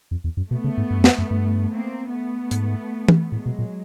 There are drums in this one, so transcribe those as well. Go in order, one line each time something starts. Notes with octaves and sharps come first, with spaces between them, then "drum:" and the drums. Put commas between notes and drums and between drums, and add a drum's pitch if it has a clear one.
F2
E2
F#2
B2 A3 B3
C#3
G#2
G2
F#2
F2, drum: snare
F#2
G2
A#3 C4
A3 B3
G#2, drum: hi-hat
drum: tom
A2 F#3 G#3
B2
A#2